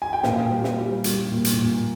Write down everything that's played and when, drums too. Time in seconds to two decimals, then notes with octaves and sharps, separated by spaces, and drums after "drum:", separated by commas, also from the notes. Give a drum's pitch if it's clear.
0.02 G#5
0.13 G5
0.23 A#2 F5, drum: snare
0.50 G3
0.64 drum: snare
0.77 G3
1.04 G3, drum: hi-hat
1.31 A#2
1.45 drum: hi-hat
1.58 A#2